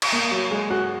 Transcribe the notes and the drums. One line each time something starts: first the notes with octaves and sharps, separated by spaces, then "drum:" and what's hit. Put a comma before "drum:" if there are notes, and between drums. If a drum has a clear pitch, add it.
drum: cymbal
A#3
F#3
G#3
F#4